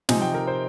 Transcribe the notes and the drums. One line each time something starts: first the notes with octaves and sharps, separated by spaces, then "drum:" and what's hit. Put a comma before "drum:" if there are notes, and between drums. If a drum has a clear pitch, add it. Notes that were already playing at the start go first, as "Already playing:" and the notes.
C3 F3 C4 D#4 G#5, drum: snare
G5
A#4
C5